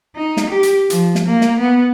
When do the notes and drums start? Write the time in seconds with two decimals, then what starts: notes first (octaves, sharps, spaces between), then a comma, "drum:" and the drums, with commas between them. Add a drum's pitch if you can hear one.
0.16 D#4
0.37 drum: snare
0.50 G4
0.63 drum: hi-hat
0.90 F3, drum: hi-hat
1.15 drum: snare
1.26 A#3
1.41 drum: snare
1.60 B3